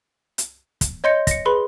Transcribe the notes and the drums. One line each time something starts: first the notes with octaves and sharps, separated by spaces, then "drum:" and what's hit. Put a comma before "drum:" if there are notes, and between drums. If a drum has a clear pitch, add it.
drum: hi-hat
drum: kick, hi-hat
C#5 D#5 C6 G6 A#6 C#7
A#6 C#7, drum: kick, hi-hat
G#4 B4 B5 C6